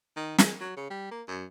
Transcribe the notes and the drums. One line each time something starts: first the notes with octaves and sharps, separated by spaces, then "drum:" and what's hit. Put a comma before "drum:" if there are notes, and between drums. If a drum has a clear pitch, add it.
D#3
G#3, drum: snare
F#3
C#3
G3
A#3
F#2